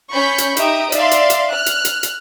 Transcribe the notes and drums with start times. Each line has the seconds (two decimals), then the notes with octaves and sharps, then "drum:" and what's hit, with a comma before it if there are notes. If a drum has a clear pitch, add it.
0.12 C#4 B5 C#6 G6 B6
0.38 drum: hi-hat
0.57 D#4 G4 E5 D#6 D7, drum: hi-hat
0.92 D5 E5 F5 C6, drum: hi-hat
1.11 drum: hi-hat
1.30 drum: hi-hat
1.52 F6 F#6
1.66 drum: hi-hat
1.85 drum: hi-hat
2.03 drum: hi-hat